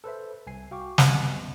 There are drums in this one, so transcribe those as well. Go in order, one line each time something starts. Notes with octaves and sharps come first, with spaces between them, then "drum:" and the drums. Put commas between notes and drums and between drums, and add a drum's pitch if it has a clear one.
A4 B4 C5 E5
C2 G#5 C7
F#4 F5 G5 C#6 D6
C2 F#2 C3 B3 D#5 F#6, drum: snare